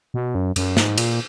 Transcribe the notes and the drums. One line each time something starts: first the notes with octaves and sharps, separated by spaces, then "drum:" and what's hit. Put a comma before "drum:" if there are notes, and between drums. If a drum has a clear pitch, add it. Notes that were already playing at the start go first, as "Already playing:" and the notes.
B2
F#2
F#2, drum: cymbal
G#2, drum: snare
A#2, drum: cymbal